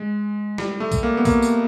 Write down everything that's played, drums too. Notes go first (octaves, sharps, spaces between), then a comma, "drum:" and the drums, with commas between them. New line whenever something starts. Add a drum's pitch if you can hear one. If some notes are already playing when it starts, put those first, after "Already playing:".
Already playing: G#3
G3, drum: snare
A3
drum: kick, tambourine
A#3
B3
A#3, drum: kick, tambourine
drum: tambourine